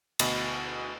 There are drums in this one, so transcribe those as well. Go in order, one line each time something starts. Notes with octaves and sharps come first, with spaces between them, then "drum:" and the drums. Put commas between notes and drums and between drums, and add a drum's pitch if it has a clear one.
D2 B2 D#5 B5 D#6, drum: cymbal